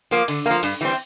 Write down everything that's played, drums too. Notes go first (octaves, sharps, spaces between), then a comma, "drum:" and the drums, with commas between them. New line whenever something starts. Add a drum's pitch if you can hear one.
F3 A#3
D3, drum: cymbal
F3 A#3
G2, drum: cymbal
E3 G3 C4